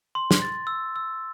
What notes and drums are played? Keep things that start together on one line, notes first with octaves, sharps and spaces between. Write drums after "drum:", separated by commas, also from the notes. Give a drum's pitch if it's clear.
C6
drum: snare
A6
E6
E6